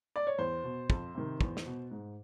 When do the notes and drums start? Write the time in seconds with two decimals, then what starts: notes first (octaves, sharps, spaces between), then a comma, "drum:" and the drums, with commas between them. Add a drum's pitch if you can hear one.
0.16 D5
0.27 C#5
0.38 E2 C5
0.64 B2
0.90 F2, drum: kick
1.15 C3 D#3
1.41 E2, drum: kick
1.57 drum: snare
1.66 B2
1.91 G#2